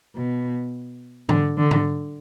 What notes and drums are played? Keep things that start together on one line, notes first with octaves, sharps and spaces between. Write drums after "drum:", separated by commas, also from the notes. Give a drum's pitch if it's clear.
B2
D3, drum: tom G#2
D3
drum: tom G#2